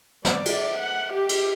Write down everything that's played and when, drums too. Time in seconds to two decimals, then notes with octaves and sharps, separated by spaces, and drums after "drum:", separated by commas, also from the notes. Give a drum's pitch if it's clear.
0.25 D5, drum: snare
0.46 drum: cymbal
0.75 F#5
1.12 G4
1.29 drum: cymbal